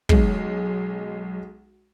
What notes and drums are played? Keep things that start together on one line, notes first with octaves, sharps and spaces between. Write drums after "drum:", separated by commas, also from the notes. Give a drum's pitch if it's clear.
B1 G#3, drum: kick